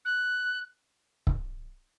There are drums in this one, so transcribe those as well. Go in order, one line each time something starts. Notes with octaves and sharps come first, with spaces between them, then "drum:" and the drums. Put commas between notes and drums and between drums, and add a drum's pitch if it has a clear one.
F#6
drum: kick C#1